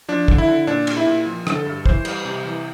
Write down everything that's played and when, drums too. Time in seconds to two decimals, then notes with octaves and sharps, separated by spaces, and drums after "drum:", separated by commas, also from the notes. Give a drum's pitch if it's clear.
0.08 F3 D4
0.28 D3, drum: kick
0.38 E4
0.48 D3
0.67 A#2 D4
0.87 A#2, drum: cymbal
0.97 E4
1.06 A#2
1.26 F3
1.47 D3, drum: rim click
1.55 A4
1.66 G2
1.86 E3 C5, drum: kick
2.05 G3, drum: cymbal
2.25 C3
2.45 E3